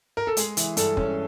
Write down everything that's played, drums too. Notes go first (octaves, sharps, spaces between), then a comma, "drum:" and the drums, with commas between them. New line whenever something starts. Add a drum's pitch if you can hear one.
A#4
A4
G#3 G#4, drum: hi-hat
E3, drum: hi-hat
G2 A4, drum: hi-hat
C#4, drum: kick